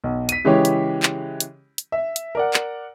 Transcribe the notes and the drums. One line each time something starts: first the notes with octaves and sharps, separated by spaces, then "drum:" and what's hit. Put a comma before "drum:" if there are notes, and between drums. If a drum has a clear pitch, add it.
B1
B6 D#7, drum: hi-hat
C#3 E3 G#3 C#4 G4 C#5
drum: hi-hat
drum: clap
drum: hi-hat
drum: hi-hat
E5
drum: hi-hat
A#4 D5 F#5
drum: clap